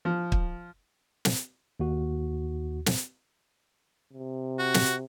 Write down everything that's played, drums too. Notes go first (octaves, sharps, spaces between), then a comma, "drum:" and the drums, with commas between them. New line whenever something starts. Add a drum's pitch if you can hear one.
F3
drum: kick
drum: snare
D#2 F#4
drum: snare
C3
F#4
drum: snare